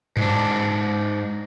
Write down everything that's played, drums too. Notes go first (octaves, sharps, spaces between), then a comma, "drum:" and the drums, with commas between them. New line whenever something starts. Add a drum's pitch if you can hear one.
G#2 D4, drum: tom G2